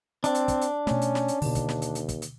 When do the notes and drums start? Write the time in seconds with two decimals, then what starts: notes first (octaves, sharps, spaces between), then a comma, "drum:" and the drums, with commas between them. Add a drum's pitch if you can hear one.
0.24 C4 D4, drum: hi-hat
0.35 drum: hi-hat
0.48 drum: kick, hi-hat
0.62 drum: hi-hat
0.87 B2 A3 C#4, drum: snare
1.02 drum: hi-hat
1.15 drum: snare
1.28 drum: hi-hat
1.42 D#2 B2 D3, drum: open hi-hat
1.55 drum: kick, hi-hat
1.69 drum: snare
1.82 drum: hi-hat
1.95 drum: hi-hat
2.09 drum: kick, hi-hat
2.22 drum: hi-hat